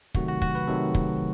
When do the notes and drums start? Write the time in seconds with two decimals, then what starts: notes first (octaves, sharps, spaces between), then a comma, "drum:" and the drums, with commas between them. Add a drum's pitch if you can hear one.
0.15 C3 D#3 F#3 A3 F#4, drum: kick
0.28 F#4
0.42 F#4, drum: kick
0.55 B4
0.67 C3 D#3 F#3 A3 A4
0.95 drum: kick